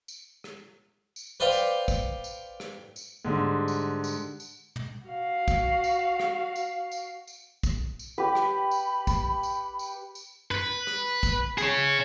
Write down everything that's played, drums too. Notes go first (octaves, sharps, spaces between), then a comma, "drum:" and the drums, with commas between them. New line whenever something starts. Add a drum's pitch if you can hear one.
drum: tambourine
drum: rim click
drum: tambourine
B4 C5 D5 F5 G5
drum: tambourine
drum: kick, tambourine
drum: tambourine
drum: rim click
drum: tambourine
G#2 D3 G3
drum: tambourine
drum: tambourine
drum: tambourine
drum: tom
F#4 F5
drum: kick, tambourine
drum: tambourine
drum: rim click
drum: tambourine
drum: tambourine
drum: tambourine
drum: kick, tambourine
drum: tambourine
G4 B4 B5
drum: rim click
drum: tambourine
drum: kick, tambourine
drum: tambourine
drum: tambourine
drum: tambourine
B4, drum: tom
drum: rim click
drum: kick, tambourine
G#4 C#5, drum: tambourine